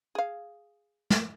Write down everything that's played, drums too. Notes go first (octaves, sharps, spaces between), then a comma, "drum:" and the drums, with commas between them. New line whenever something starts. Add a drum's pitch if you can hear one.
G#4 F5
drum: snare